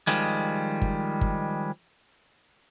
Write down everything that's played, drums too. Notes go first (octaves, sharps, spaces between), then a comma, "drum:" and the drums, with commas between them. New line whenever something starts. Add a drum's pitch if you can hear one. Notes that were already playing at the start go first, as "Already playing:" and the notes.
D#3 F3 G3 G#3
drum: kick G1
drum: kick G1